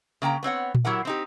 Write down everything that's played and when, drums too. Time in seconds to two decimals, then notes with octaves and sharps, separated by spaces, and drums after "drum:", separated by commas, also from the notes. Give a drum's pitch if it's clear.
0.22 C#3 A#3 G5 A#5
0.43 B3 C4 C#5 F#5
0.75 drum: tom A#2
0.85 F#3 E4 G4 A#4 F#5
1.05 C4 D#4 G4